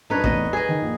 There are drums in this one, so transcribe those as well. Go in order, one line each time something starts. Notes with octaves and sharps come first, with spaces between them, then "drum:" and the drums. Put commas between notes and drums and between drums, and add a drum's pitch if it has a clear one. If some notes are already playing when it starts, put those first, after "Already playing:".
F#2 D4 D#4 B4 C#5
E2 A2 C3 D#5, drum: kick
G#4 B4 D#5
D#3
A#1